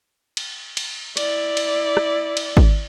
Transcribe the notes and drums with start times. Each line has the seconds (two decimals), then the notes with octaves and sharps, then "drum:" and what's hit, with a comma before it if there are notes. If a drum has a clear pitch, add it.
0.37 drum: cymbal
0.77 drum: cymbal
1.17 E4 D5, drum: cymbal
1.57 drum: cymbal
1.97 drum: rim click
2.37 drum: cymbal
2.57 drum: kick